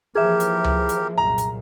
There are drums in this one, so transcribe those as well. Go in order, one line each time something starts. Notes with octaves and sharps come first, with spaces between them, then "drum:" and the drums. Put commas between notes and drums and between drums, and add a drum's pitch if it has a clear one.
E3 F3 A#3 G4 G#4 A#4 E5
drum: hi-hat
drum: tom C#2
drum: hi-hat
C2 F#2 A#2 A#5
drum: hi-hat